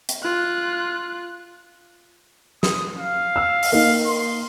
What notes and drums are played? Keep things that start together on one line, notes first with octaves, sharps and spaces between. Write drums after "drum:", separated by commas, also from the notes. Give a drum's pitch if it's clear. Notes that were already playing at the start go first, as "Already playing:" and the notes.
drum: hi-hat
F4 F#6
D#6, drum: snare
F5
E6 F6
drum: open hi-hat
A#3 D#4 F5
C6